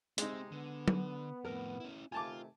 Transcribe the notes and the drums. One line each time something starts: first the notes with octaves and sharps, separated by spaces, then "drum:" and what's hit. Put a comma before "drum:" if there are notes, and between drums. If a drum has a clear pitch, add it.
C3 G#3 C4 D#4, drum: hi-hat
D3 B3
drum: tom F#3
F2 A2 A#4
C#4 E4
C3 D#3 A3 F4 G#5 A5 D6